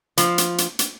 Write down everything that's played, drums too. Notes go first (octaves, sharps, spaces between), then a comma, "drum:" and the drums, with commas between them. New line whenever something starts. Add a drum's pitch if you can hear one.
F3, drum: hi-hat
drum: hi-hat
drum: hi-hat
drum: hi-hat